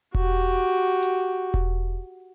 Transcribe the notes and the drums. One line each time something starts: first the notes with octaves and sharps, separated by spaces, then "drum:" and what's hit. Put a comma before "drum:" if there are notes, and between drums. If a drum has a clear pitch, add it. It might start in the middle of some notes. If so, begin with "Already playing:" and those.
F#4 G4, drum: kick E1
drum: hi-hat
drum: kick E1